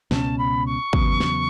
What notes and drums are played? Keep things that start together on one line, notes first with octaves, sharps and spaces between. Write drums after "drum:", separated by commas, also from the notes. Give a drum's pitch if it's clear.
C#2 B2 F#3 C#4 A5, drum: snare
B5
C#6
E2 C#3 F#3 B3, drum: kick
drum: snare